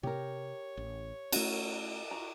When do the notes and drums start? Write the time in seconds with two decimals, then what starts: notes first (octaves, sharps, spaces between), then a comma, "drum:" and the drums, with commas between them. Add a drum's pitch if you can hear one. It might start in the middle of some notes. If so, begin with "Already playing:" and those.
0.03 C3 G4 A#4 C#5
0.77 A1
1.33 A3 C#4 F#4, drum: cymbal
2.11 F#4 A#5